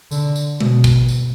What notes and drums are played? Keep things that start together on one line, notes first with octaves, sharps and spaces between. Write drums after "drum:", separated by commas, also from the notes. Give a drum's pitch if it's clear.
D3, drum: tambourine
drum: tambourine
B2, drum: tom G#3
drum: kick, tambourine
drum: tambourine